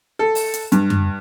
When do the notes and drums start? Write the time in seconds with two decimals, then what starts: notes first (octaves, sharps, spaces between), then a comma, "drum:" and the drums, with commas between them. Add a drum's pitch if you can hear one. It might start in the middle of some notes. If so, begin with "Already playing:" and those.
0.19 A4
0.35 drum: open hi-hat
0.54 drum: hi-hat
0.72 G2, drum: hi-hat
0.90 drum: tom F#2